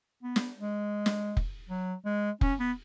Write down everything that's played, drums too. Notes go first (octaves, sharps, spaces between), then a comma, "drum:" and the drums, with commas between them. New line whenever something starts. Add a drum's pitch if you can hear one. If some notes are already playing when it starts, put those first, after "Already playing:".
B3
drum: snare
G#3
drum: snare
drum: kick F1
F#3
G#3
C#4, drum: kick F1
B3